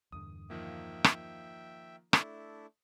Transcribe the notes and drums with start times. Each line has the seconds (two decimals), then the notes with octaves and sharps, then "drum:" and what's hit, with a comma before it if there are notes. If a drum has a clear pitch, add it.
0.12 E2 G2 D3 D#6
0.50 D#3 F3 A#3 E5 G5
1.04 drum: rim click
2.13 A3 D4 E4, drum: rim click